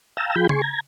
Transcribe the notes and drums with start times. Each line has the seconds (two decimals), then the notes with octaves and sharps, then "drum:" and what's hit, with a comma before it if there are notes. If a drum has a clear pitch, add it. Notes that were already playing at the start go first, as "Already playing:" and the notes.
0.17 F5 G5 A5 A#5 E6
0.36 F3 F4 G#4 G5 B5 G6
0.49 G#4 G#5 C6 C#6, drum: tom C#3
0.62 A#5 G#6